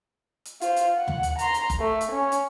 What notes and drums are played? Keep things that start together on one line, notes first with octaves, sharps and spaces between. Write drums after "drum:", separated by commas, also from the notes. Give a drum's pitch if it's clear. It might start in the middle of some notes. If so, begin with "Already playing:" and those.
drum: hi-hat
F4 C5, drum: hi-hat
drum: hi-hat
F#5
drum: tom D#2
drum: hi-hat
A#5 C6, drum: hi-hat
drum: hi-hat
drum: kick F#1, hi-hat
A3
drum: hi-hat
C#4
drum: hi-hat